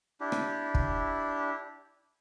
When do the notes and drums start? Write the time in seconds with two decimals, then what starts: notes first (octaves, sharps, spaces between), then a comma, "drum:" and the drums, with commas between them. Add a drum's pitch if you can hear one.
0.21 D4 E4 G4
0.32 drum: rim click
0.74 drum: kick